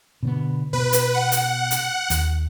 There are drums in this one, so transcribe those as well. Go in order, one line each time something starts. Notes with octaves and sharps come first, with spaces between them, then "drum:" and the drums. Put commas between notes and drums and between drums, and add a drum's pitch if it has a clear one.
B2 D3 B3
B2 B3 B4
drum: hi-hat
F#5
drum: hi-hat
drum: hi-hat
D#2, drum: hi-hat